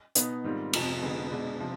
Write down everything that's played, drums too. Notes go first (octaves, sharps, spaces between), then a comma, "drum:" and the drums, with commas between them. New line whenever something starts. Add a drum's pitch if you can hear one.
B2 B3 D#4, drum: hi-hat
G#2 D#3 G3 C4 F4
F1 F2 C3 F3, drum: cymbal
F2 D3 G#3 B3
B2 G#3 D4
C3 F3